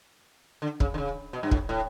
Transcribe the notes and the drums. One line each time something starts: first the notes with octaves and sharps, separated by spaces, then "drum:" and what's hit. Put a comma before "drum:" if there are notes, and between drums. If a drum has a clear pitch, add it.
D3
C#3, drum: kick
D3
C#3
B2
G2
A2, drum: kick
A2